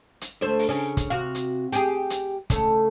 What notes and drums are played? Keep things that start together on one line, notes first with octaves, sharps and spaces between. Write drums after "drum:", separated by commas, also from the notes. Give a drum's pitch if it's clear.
drum: hi-hat
D2 A3 C5
drum: open hi-hat
C#3 C#4
drum: kick, hi-hat
C3 F#4 F5
drum: hi-hat
G4 G#4, drum: hi-hat
drum: hi-hat
C#3 A3, drum: kick, hi-hat